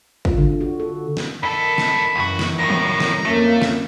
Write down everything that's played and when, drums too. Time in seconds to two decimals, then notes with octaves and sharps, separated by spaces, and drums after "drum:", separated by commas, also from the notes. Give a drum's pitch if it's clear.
0.25 F4, drum: kick
0.38 D3
0.61 F#4
0.80 A4
1.17 drum: snare
1.43 G2 D#3 A4 B5
1.78 drum: snare
2.16 C#2 F#2 E3 F#4
2.39 drum: snare
2.59 E2 A2 D#3 F#3 A#5
2.70 drum: tom D#3
3.00 drum: snare
3.25 F2 A3 A#3 C#4
3.62 drum: snare